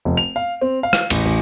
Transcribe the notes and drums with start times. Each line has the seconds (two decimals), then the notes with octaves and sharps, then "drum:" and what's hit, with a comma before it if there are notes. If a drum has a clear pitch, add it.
0.05 F1
0.17 F7
0.36 F5
0.61 C4
0.83 F5
0.93 drum: rim click
1.10 A1, drum: cymbal
1.25 A1